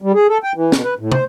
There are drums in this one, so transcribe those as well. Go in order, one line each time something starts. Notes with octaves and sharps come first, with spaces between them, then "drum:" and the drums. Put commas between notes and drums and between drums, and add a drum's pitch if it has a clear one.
G3
G#4
A4
G5
E3
B2, drum: snare
B4
A2
C5, drum: tom